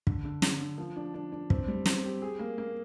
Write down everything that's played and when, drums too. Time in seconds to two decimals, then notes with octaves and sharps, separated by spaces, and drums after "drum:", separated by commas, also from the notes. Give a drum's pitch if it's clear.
0.07 D3, drum: kick
0.25 D3
0.42 D3, drum: snare
0.61 D3
0.78 F3
0.96 D4
1.14 D4
1.32 D4
1.50 C4, drum: kick
1.68 G3
1.86 C4, drum: snare
2.04 G4
2.22 G#4
2.39 A#3
2.58 A#3